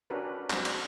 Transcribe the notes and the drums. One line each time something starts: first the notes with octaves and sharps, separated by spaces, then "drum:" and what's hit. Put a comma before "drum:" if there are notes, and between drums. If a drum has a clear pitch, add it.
C#4 D4 F#4 G4 A#4 B4
F#3 G#3 C4 D4, drum: clap
drum: cymbal